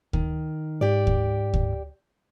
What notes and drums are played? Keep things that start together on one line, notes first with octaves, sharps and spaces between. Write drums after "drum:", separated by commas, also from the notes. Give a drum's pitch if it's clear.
D#3, drum: kick D2
G#2 G4 D5
drum: kick D2
drum: kick D2